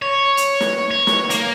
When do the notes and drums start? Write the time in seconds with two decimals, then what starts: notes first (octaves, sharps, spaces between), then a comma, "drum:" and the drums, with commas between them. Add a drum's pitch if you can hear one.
0.02 C#5
0.37 drum: hi-hat
0.60 drum: snare
0.91 C#5
1.07 drum: snare
1.30 A#3, drum: hi-hat